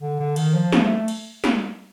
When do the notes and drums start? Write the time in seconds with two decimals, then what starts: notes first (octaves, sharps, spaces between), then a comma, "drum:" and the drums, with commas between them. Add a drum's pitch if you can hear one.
0.01 D3
0.19 D3
0.36 D#3, drum: cymbal
0.54 F3
0.72 drum: snare
0.82 A3
1.08 drum: cymbal
1.44 drum: snare